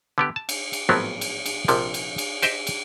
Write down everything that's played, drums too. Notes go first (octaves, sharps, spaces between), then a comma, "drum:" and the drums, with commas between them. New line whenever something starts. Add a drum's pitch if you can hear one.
D3 B3 G4
A5
drum: cymbal
drum: cymbal
G#1 A2 F3 F#3 B3 C4
drum: cymbal
drum: cymbal
A#1 C3 F3, drum: cymbal
drum: cymbal
drum: cymbal
G4 C5 D#5 E5 G5, drum: cymbal
drum: cymbal